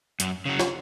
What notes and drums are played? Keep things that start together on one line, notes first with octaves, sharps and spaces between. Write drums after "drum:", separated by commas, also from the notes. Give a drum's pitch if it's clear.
F#2, drum: hi-hat
C#3 F#3
drum: snare